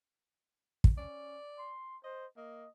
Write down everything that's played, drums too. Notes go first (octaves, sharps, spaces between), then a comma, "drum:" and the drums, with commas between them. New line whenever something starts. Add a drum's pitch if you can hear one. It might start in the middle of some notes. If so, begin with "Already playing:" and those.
drum: kick
C#4 D5
C6
C5 D#5
A#3 D#5